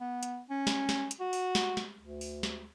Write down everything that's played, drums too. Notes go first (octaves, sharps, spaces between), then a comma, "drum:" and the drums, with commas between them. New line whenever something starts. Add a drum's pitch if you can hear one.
B3
drum: hi-hat
C#4
drum: snare
drum: snare
drum: hi-hat
F#4
drum: open hi-hat
drum: snare
drum: snare
D2
drum: open hi-hat
drum: snare